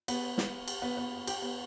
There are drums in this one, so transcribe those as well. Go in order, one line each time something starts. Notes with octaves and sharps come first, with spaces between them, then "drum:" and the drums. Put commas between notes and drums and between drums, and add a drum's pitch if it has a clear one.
B3, drum: cymbal
drum: snare
drum: cymbal
B3
B3
G4, drum: cymbal
B3